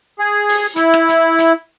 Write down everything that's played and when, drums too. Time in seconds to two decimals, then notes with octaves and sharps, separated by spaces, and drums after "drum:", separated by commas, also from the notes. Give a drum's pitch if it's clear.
0.19 G#4
0.49 drum: open hi-hat
0.76 E4, drum: hi-hat
0.94 drum: rim click
1.09 drum: hi-hat
1.38 drum: hi-hat